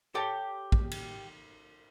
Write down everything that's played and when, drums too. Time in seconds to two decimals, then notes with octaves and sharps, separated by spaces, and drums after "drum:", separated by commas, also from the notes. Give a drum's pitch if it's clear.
0.15 G4 A4 C#5 A5
0.72 drum: kick
0.91 drum: cymbal